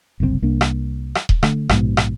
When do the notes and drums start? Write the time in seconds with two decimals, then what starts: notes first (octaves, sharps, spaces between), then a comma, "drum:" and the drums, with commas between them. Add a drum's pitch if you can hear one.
0.20 F#1 C2 C#3 C4
0.42 C2 A#3 D4
0.61 drum: rim click
1.15 drum: rim click
1.29 drum: kick D#1
1.43 D3 A3, drum: rim click
1.69 A#1 G#2 B2, drum: rim click
1.97 drum: rim click